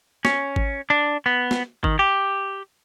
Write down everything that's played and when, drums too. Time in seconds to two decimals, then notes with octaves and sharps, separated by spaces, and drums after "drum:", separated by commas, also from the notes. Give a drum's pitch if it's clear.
0.25 C#4, drum: snare
0.56 drum: kick G#1
0.90 D4
1.26 B3
1.51 drum: snare
1.84 D#3, drum: kick G#1
1.99 G4